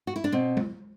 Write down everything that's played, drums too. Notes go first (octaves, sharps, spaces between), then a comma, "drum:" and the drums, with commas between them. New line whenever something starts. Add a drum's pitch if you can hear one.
F#4
E4
D4
B2 C4
drum: tom G#3